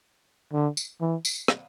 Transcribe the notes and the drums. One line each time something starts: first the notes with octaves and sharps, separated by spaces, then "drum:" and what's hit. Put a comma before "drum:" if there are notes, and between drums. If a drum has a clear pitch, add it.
D3
drum: tambourine
E3
drum: tambourine
drum: rim click